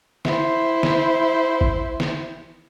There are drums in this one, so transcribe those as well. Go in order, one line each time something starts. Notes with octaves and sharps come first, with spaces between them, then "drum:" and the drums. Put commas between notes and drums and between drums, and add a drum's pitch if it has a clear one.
E4 C5, drum: snare
drum: snare
drum: kick
drum: snare